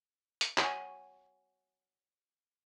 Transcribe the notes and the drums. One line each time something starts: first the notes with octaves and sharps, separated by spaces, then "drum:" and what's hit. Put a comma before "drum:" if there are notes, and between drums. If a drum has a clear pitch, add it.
drum: hi-hat
F#4 C#5 G#5, drum: clap